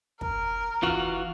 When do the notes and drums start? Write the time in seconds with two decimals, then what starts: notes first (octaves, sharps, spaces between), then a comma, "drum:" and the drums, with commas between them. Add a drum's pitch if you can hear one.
0.21 A#4, drum: kick
0.83 E3 F4 F#4, drum: kick